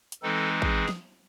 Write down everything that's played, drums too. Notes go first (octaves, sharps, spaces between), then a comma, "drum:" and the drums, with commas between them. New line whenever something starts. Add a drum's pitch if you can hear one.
drum: hi-hat
E3 G#3 C4 D#4 A4
G#4, drum: kick A1
drum: snare